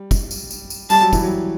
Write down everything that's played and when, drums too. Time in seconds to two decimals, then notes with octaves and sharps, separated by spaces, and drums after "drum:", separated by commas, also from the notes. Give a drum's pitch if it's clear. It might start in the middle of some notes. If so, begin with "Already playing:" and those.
Already playing: G3
0.11 drum: kick, tambourine
0.31 drum: tambourine
0.51 drum: tambourine
0.70 drum: tambourine
0.90 G3 A5, drum: tambourine
1.01 F#3
1.13 E3, drum: kick, tambourine
1.23 F#3